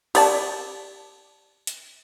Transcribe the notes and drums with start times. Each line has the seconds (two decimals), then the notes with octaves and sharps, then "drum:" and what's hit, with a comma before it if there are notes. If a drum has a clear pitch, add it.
0.15 G4 D5 A5, drum: cymbal
1.67 drum: hi-hat